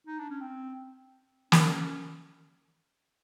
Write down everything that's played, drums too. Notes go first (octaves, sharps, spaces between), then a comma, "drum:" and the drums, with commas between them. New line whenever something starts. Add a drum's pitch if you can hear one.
D#4
D4
C#4
C4
C#4, drum: snare